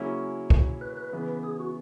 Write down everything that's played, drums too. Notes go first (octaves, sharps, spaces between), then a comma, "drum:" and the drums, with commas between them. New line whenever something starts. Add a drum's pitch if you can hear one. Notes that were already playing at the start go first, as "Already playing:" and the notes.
Already playing: C#3 F#3 A#3 C#4 E4
drum: kick
B4
B4
C#3 E3 B3
G#4
F#4